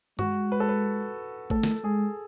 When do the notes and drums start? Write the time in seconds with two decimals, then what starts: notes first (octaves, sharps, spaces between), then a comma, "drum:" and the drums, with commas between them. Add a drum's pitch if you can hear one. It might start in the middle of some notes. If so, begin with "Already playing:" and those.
0.19 G#3 F#4, drum: tom G2
0.52 B4
0.60 A4
0.69 B4
1.50 A3 A4, drum: kick G1
1.63 drum: snare
1.84 G#3 G#4